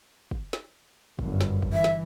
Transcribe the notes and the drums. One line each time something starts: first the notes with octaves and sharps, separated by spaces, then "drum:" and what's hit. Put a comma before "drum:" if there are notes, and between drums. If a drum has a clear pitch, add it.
drum: kick
drum: snare
G1 F#2, drum: kick
drum: snare
drum: kick
E3 E5
drum: snare